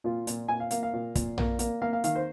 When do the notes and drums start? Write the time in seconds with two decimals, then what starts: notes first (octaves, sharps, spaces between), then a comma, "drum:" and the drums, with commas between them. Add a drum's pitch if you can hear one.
0.04 A#2 F4
0.27 A#2, drum: hi-hat
0.48 A#2 G#5
0.60 F5
0.71 A#3 F5, drum: hi-hat
0.83 F5
0.93 A#2
1.15 A#2, drum: kick, hi-hat
1.38 A#3, drum: tom A#1
1.59 A#3, drum: hi-hat
1.82 A#3 F5
1.93 F5
2.04 D#3 F5, drum: hi-hat
2.15 C5